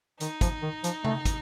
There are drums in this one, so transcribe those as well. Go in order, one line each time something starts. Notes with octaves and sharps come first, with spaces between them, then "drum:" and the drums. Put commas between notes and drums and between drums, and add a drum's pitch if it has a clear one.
D#3 D#4, drum: hi-hat
F3, drum: kick, hi-hat
D#3
F3, drum: hi-hat
A3, drum: tom C3
drum: kick, hi-hat